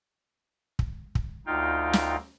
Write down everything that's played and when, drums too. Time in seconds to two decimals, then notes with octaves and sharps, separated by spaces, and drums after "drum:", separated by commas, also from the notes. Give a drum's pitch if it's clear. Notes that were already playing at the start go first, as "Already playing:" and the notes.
0.79 drum: kick
1.15 drum: kick
1.46 D2 D#4 F4 F5 G5
1.93 drum: snare